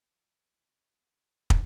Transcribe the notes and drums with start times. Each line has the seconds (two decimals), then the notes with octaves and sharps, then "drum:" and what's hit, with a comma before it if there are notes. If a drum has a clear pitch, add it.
0.64 F3
1.00 B3
1.50 drum: kick